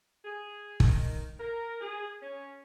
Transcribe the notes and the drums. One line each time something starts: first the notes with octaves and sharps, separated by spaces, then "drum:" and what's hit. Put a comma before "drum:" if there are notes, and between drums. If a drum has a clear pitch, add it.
G#4
D#3, drum: kick
A#4
G#4
C#4